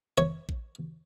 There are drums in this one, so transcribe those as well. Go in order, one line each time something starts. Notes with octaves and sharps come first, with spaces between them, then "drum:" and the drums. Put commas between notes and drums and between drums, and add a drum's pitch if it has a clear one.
C#5
drum: kick A1